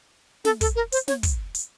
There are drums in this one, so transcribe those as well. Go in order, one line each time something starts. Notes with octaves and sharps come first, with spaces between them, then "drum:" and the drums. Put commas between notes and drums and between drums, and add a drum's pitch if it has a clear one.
A4, drum: snare
A4, drum: kick, hi-hat
A#4
C5, drum: hi-hat
C#5, drum: snare
drum: kick, hi-hat
drum: hi-hat